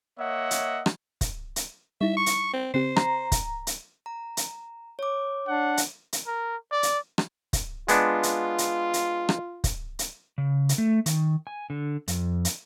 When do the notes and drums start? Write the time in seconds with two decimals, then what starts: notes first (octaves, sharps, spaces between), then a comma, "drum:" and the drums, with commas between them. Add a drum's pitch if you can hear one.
0.19 A#3 C#5 D#5 E5 F#5
0.51 drum: hi-hat
0.86 drum: rim click
1.21 drum: kick, hi-hat
1.56 drum: hi-hat
2.01 G3 D#4 E4 E5
2.17 C#6
2.26 drum: hi-hat
2.54 C4
2.74 C#3 C4 G4 C5
2.96 A#5, drum: rim click
3.32 drum: kick, hi-hat
3.67 drum: hi-hat
4.06 A#5
4.37 drum: hi-hat
4.99 C#5 D6
5.48 D4 F#5
5.77 drum: hi-hat
6.13 drum: hi-hat
6.26 A#4
6.71 D5
6.83 drum: hi-hat
7.18 drum: rim click
7.53 drum: kick, hi-hat
7.88 G#3 B3 D4 F4, drum: hi-hat
8.23 drum: hi-hat
8.58 drum: hi-hat
8.94 drum: hi-hat
9.29 drum: rim click
9.64 drum: kick, hi-hat
9.99 drum: hi-hat
10.38 C#3
10.69 drum: hi-hat
10.78 A3
11.06 D#3, drum: hi-hat
11.47 G#5
11.70 D3
12.08 F2, drum: hi-hat
12.45 drum: hi-hat